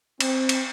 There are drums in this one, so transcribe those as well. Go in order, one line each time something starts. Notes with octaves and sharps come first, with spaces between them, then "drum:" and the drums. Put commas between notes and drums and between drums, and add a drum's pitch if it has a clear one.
C4, drum: cymbal
drum: cymbal